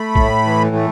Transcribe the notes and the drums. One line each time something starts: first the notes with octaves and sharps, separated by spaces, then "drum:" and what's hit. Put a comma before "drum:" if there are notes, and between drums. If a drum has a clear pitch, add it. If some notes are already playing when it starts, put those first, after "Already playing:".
Already playing: A3 B5
A2, drum: kick A#1
E3
A3